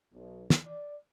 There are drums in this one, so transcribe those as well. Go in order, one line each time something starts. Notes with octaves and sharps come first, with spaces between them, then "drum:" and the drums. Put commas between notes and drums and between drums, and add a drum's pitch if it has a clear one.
B1
drum: snare
D5